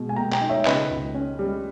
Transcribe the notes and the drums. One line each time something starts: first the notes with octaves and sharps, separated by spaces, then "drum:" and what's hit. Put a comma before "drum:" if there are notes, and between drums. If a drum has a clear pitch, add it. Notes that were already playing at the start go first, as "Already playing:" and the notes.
Already playing: B2 G#3
G#5
B2 G5 A#5
G5 A#5, drum: clap
D#4
C#5 E5
C#3 B4 D#5, drum: clap
C#2
C#4
G3